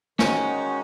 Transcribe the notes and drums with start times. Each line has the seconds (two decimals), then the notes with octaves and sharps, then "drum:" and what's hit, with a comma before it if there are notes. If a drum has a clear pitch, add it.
0.19 D#3 G#3 C#4 D#4 F#4, drum: snare